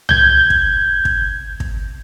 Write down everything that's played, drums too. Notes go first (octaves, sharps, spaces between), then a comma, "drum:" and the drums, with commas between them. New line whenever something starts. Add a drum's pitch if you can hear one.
G6 G#6, drum: tom
drum: kick
drum: kick
drum: kick